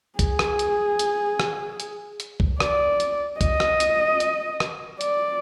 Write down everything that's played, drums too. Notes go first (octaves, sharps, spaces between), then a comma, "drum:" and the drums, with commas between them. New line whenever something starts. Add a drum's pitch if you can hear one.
G#4, drum: kick C2, hi-hat
drum: rim click
drum: hi-hat
drum: hi-hat
drum: rim click
drum: hi-hat
drum: hi-hat
drum: kick C2
D5, drum: rim click
drum: hi-hat
D#5, drum: kick C2, hi-hat
drum: rim click
drum: hi-hat
drum: hi-hat
drum: rim click
D5, drum: hi-hat